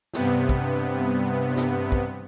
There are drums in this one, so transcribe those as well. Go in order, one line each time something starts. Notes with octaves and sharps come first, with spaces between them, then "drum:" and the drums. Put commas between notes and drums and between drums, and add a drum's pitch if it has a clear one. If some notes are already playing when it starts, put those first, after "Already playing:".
G2 C3 B3, drum: snare
drum: kick
drum: snare
drum: kick